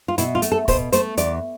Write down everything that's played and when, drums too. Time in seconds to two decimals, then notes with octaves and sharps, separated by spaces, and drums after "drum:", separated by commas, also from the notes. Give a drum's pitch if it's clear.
0.08 F4
0.18 B2 E4, drum: hi-hat
0.35 F4
0.42 A3, drum: hi-hat
0.52 A4
0.68 B2 C5, drum: kick, open hi-hat
0.92 A3 C5, drum: hi-hat
1.17 E2 D5, drum: hi-hat